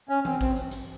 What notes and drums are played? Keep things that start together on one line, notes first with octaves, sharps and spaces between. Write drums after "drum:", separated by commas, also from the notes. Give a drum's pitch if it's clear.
C#4
C4, drum: tom E3
C4, drum: kick A1, hi-hat
drum: hi-hat
drum: hi-hat